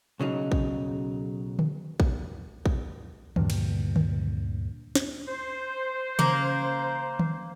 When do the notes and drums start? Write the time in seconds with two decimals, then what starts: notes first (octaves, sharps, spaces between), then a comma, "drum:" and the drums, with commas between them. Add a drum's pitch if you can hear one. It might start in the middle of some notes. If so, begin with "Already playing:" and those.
0.20 B1 C#3 F#3 D#4
0.52 drum: kick A#1
1.59 drum: tom D3
2.00 drum: kick A#1
2.66 drum: kick A#1
3.36 D2 G2 A#2 D3, drum: tom D#3
3.50 drum: cymbal
3.96 drum: tom D3
4.95 drum: snare
5.28 C5
6.19 C#3 A#3 C#4 A#6, drum: tom D#3
7.19 drum: tom D#3